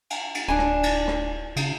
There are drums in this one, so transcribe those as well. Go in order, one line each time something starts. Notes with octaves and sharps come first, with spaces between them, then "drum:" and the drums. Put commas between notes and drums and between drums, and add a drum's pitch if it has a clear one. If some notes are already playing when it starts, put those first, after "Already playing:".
drum: cymbal
drum: cymbal
D1 D4 G#5
drum: rim click
drum: cymbal
drum: rim click
C#3, drum: cymbal